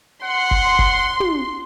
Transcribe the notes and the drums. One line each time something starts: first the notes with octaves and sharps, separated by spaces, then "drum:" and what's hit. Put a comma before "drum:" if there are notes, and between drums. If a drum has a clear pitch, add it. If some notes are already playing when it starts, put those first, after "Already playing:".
F#5 C6
drum: kick F#1
drum: kick F#1
drum: tom